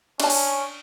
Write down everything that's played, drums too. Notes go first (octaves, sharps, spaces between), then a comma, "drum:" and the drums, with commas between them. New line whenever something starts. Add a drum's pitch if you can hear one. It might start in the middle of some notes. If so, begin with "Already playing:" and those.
C#4 D4 A5, drum: cymbal
drum: open hi-hat